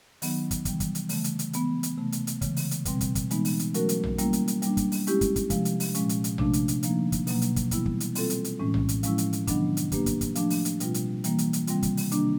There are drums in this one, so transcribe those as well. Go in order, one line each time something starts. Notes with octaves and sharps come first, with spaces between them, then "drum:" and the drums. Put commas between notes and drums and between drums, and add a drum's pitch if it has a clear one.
D#3 F#3 B3 D#4, drum: open hi-hat
drum: kick, hi-hat
C3 E3 G3, drum: kick, hi-hat
drum: kick, hi-hat
drum: hi-hat
C#3 E3 A3, drum: open hi-hat
drum: hi-hat
drum: hi-hat
E3 G#3 B3, drum: hi-hat
drum: hi-hat
C3 E3 A3
drum: hi-hat
drum: hi-hat
C#3 E3 G#3, drum: kick, hi-hat
drum: open hi-hat
drum: hi-hat
B2 G3 C4, drum: kick, hi-hat
drum: kick, hi-hat
drum: kick, hi-hat
E3 G#3 B3 D#4, drum: hi-hat
drum: open hi-hat
drum: hi-hat
F#3 A3 C#4 F#4 A#4, drum: hi-hat
drum: hi-hat
drum: tom A#1
G3 A#3 C#4 E4, drum: hi-hat
drum: hi-hat
drum: hi-hat
G3 A#3 D4, drum: hi-hat
drum: kick, hi-hat
drum: open hi-hat
G#3 C#4 E4 G4, drum: hi-hat
drum: kick, hi-hat
drum: kick, hi-hat
C3 F3 G#3, drum: kick, hi-hat
drum: hi-hat
drum: open hi-hat
A#2 F3 G#3 C#4, drum: hi-hat
drum: hi-hat
drum: hi-hat
C3 F3 A3 D4, drum: tom A#1
drum: hi-hat
drum: hi-hat
D3 F3 A#3 D#4, drum: hi-hat
drum: kick, hi-hat
B2 F#3 A#3, drum: open hi-hat
drum: hi-hat
drum: kick, hi-hat
E3 G3 B3 E4, drum: kick, hi-hat
drum: kick
drum: hi-hat
G3 C4 F4 A4, drum: open hi-hat
drum: hi-hat
drum: hi-hat
A2 E3 G#3 C#4
drum: tom A#1
drum: hi-hat
F3 G#3 C#4 E4, drum: hi-hat
drum: hi-hat
drum: hi-hat
C3 D#3 F#3 B3 D4, drum: kick, hi-hat
drum: hi-hat
A#3 D4 G4 B4, drum: kick, hi-hat
drum: kick, hi-hat
drum: kick, hi-hat
F3 A3 D4, drum: hi-hat
drum: open hi-hat
drum: hi-hat
B2 G3 C4 F4, drum: hi-hat
drum: hi-hat
E3 G3 A#3, drum: hi-hat
drum: hi-hat
drum: hi-hat
C3 D#3 G3 C4 F4, drum: hi-hat
drum: kick, hi-hat
drum: open hi-hat
C3 D#3 G3 A#3 D4, drum: hi-hat